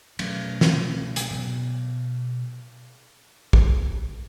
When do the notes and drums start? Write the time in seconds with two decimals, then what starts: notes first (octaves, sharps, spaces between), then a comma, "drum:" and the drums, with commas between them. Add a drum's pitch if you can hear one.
0.19 B2 F#3 A3 C#4, drum: cymbal
0.61 drum: snare
1.16 drum: hi-hat
1.31 B2 F#3 B3
3.53 drum: kick